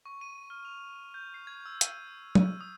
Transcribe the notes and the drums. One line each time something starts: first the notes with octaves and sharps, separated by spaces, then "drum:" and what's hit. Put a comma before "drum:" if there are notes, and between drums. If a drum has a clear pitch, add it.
C#6
D#7
F6
F7
G6
C7
G#6
E6
D#7, drum: hi-hat
G#6
D#7, drum: tom
D#6